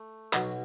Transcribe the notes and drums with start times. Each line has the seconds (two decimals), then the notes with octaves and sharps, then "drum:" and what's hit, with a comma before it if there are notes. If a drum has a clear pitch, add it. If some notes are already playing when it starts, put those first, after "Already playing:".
Already playing: A3
0.33 B1 B2 F#3, drum: clap